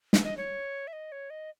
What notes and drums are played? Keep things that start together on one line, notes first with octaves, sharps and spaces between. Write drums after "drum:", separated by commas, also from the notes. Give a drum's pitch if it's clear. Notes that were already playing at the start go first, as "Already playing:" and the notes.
drum: snare
D#5
C#5
E5
D#5
C#5
D#5